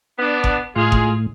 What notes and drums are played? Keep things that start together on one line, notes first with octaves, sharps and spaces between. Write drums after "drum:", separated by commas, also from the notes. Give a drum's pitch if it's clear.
B3 D4
drum: kick F#1
A2 G#3 F4 G#4
drum: kick F#1